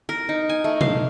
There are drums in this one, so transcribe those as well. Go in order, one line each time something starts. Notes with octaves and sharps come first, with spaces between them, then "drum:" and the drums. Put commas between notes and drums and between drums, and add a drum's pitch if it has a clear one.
A#4
D#4
G#5
A3
F5, drum: tom B2